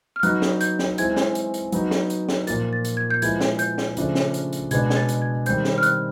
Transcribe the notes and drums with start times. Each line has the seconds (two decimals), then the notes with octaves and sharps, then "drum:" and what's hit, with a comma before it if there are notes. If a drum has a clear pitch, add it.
0.16 F6
0.23 F#3 B3 D#4 F#6, drum: hi-hat
0.42 drum: snare
0.61 G6, drum: hi-hat
0.79 drum: snare
0.98 E3 G#3 C4 G#6, drum: hi-hat
1.17 drum: snare
1.35 drum: hi-hat
1.54 drum: hi-hat
1.72 F#3 B3 D#4, drum: hi-hat
1.91 drum: snare
2.10 drum: hi-hat
2.29 drum: snare
2.47 A#2 F3 A#3 A6, drum: hi-hat
2.73 A6
2.85 drum: hi-hat
2.97 G#6
3.11 G6
3.22 F3 G#3 B3 E4 G#6, drum: hi-hat
3.41 drum: snare
3.59 G6, drum: hi-hat
3.78 drum: snare
3.97 C#3 F3 A3 D4, drum: hi-hat
4.15 drum: snare
4.34 drum: hi-hat
4.53 drum: hi-hat
4.71 B2 G#3 B3 D4 G#6, drum: hi-hat
4.90 G#6, drum: snare
4.96 A6
5.09 drum: hi-hat
5.22 G#6
5.46 D#3 G3 C4 G6, drum: hi-hat
5.65 drum: snare
5.78 F6
5.83 F#6, drum: hi-hat